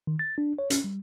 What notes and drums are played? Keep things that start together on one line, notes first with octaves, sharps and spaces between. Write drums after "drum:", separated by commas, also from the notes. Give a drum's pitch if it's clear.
D#3
A6
D4
C#5
C#4, drum: hi-hat
G3